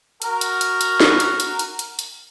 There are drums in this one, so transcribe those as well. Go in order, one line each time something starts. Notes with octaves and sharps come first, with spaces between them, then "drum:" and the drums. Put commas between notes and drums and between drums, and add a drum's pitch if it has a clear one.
F#4 A#4, drum: hi-hat
drum: hi-hat
drum: hi-hat
drum: hi-hat
drum: snare
drum: hi-hat
drum: hi-hat
drum: hi-hat
drum: hi-hat
drum: hi-hat